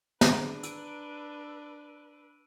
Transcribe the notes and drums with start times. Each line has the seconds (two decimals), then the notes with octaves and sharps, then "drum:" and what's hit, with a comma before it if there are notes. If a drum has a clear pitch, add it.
0.21 D4 G#4 B4 A#5, drum: snare
0.63 E6 D7 D#7, drum: hi-hat